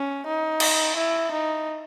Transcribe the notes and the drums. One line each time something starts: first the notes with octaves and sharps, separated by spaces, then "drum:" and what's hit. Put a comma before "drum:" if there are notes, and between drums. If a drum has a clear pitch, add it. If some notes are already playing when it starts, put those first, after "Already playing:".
Already playing: C#4
D#4
drum: cymbal
E4
D#4